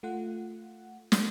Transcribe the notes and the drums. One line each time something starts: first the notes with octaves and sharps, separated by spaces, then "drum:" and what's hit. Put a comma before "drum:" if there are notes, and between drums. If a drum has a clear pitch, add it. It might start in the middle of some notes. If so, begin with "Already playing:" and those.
A3 F4 F#5
drum: snare